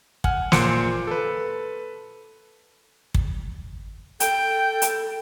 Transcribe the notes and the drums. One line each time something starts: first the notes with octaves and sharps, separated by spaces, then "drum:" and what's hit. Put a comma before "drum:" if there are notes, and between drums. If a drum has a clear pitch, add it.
F#5 G#5 F6, drum: kick
A#2 C5 C6 F#6 C#7 D7, drum: snare
A4 B4
drum: kick
A4 G5, drum: hi-hat
drum: hi-hat